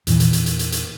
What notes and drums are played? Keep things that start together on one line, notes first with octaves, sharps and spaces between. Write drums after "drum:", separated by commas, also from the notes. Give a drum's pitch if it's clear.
E2 A#2 E3, drum: hi-hat
drum: hi-hat
drum: hi-hat
drum: hi-hat
drum: hi-hat
drum: hi-hat